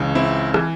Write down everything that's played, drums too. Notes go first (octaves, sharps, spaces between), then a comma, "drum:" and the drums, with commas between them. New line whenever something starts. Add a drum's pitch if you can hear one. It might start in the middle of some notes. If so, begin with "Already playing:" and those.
Already playing: C#2 C#3 E3
C4 E4
E3, drum: rim click